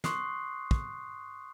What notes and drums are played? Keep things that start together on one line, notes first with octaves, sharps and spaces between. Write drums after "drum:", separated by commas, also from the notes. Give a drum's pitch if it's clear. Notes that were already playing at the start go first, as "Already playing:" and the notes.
C6 C#6 D#6 F#6 C7, drum: snare
drum: kick